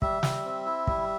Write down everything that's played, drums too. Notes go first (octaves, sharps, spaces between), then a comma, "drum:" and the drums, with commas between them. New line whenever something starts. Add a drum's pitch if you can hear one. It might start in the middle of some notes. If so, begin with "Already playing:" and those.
G3 E5, drum: kick
G3, drum: snare
C4
E4
G3, drum: kick